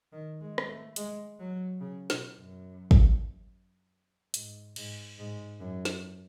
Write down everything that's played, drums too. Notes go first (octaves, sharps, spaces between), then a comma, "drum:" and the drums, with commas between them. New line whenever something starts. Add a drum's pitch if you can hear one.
D#3
G#3
drum: rim click
A3
G#3, drum: hi-hat
F#3
C#3
B2, drum: snare
F#2
drum: kick
G#2, drum: hi-hat
G#2, drum: cymbal
G#2
F#2
drum: snare